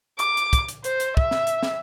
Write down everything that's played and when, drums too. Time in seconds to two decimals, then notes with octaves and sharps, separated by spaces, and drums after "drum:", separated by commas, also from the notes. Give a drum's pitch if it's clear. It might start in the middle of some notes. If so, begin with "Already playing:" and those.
0.19 D6, drum: hi-hat
0.37 drum: hi-hat
0.53 drum: kick, hi-hat
0.69 drum: hi-hat
0.84 C5, drum: hi-hat
1.00 drum: hi-hat
1.17 E5, drum: kick
1.31 drum: snare
1.47 drum: hi-hat
1.63 drum: snare